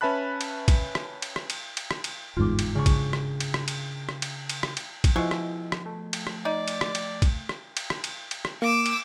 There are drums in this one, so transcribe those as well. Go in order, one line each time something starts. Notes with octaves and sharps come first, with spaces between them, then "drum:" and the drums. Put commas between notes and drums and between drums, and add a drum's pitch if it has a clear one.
C#4 B4 E5 A5 B5 F#6
drum: cymbal
drum: kick, cymbal
drum: rim click
drum: cymbal
drum: rim click
drum: cymbal
drum: cymbal
drum: rim click
drum: cymbal
G1 E2 G#2 F4 D6
drum: cymbal
C#3 D4 C#6
drum: kick, cymbal
drum: rim click
drum: cymbal
drum: rim click
drum: cymbal
drum: rim click
drum: cymbal
drum: cymbal
drum: rim click
drum: cymbal
drum: kick, cymbal
B2 F3 G#3 E4 C#6
drum: rim click
drum: rim click
A3
drum: cymbal
drum: rim click
D#4 D5
drum: cymbal
drum: rim click
drum: cymbal
drum: kick, cymbal
drum: rim click
drum: cymbal
drum: rim click
drum: cymbal
drum: cymbal
drum: rim click
A#3 D6 E6
drum: cymbal